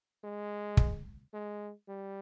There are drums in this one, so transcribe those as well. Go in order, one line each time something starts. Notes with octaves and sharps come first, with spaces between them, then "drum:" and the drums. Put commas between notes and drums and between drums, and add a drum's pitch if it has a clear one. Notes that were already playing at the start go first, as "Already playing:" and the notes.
G#3
drum: kick
G#3
G3